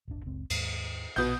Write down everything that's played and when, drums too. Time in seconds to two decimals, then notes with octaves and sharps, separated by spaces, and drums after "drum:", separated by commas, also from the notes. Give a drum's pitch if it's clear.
0.08 D1 G1 D4
0.25 F#1 C#2 C4
0.50 D#2 G#2, drum: cymbal
1.16 A#1 B2 G6, drum: open hi-hat